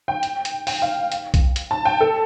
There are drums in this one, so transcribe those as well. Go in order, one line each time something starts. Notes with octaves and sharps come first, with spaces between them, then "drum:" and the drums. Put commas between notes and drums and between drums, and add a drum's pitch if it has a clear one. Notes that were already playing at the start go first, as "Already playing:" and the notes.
G5
drum: hi-hat
drum: hi-hat
G5, drum: open hi-hat
F5
drum: hi-hat
drum: kick B1, hi-hat
drum: hi-hat
A5
G5
A4